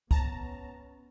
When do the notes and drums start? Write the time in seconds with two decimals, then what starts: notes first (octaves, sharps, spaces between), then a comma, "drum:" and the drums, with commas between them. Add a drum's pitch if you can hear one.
0.11 B3 C#4 A5 A#5, drum: kick